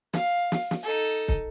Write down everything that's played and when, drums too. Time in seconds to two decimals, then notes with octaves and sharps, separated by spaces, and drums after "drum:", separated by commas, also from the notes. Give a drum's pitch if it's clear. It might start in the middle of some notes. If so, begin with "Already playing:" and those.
0.14 F5, drum: snare
0.52 drum: snare
0.71 drum: snare
0.83 D#4 A4
1.28 drum: kick